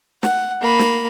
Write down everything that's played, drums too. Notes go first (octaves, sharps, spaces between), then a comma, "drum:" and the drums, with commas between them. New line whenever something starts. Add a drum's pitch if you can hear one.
F#5, drum: snare
A#3 B5
drum: snare